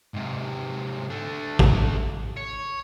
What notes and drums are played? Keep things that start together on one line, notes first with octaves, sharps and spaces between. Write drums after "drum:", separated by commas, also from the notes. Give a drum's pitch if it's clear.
G#2 C3
A3 D4
drum: kick A1
C#5